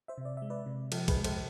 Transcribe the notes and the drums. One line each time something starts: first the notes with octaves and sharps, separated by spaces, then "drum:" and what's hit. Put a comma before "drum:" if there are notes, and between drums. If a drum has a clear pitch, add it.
C5 E5
C3
D5
G#3 E5
B4 D5
C3
F3 A4, drum: cymbal
G#4 B4, drum: kick, cymbal
G#3
A4 C5, drum: cymbal